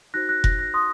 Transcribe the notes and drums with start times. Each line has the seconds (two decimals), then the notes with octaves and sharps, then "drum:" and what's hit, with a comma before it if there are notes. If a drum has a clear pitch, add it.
0.14 D#4 F#4 C5 F#6 A#6
0.29 F#6 A#6
0.44 F#6 A#6, drum: kick F1
0.59 F#6 A#6
0.74 C6 D#6